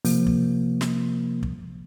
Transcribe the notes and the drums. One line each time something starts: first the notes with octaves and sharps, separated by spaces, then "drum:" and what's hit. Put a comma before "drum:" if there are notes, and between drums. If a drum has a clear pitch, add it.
C3 F3 A#3, drum: open hi-hat
drum: kick
drum: snare
drum: kick